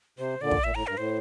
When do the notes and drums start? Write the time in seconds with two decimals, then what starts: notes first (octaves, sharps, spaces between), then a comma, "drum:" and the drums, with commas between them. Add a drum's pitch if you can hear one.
0.18 C3 C5
0.41 A#2 D3 D5
0.51 drum: kick
0.63 A#2 E5
0.75 A2 A#5
0.87 G2 A#4
0.97 A2 C5